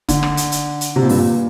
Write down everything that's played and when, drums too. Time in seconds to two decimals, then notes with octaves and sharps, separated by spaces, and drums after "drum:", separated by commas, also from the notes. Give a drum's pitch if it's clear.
0.09 D3, drum: kick F1, hi-hat
0.23 drum: rim click
0.37 drum: hi-hat
0.52 drum: hi-hat
0.81 drum: hi-hat
0.96 C3
1.03 A#2
1.09 G2, drum: open hi-hat
1.17 A#2